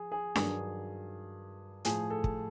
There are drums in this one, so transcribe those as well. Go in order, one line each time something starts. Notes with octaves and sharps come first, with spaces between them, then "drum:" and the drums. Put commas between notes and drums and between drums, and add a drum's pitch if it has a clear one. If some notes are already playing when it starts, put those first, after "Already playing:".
Already playing: F3 G#4
G#4
G2 D#3 F#3 G#4, drum: snare D4
A2 F3 G#4, drum: hi-hat
A4
drum: kick